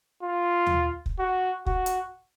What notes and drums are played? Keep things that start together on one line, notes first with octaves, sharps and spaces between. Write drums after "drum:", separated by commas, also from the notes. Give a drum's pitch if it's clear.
F4
drum: tom D#2
drum: kick
F#4
F#4, drum: kick
drum: hi-hat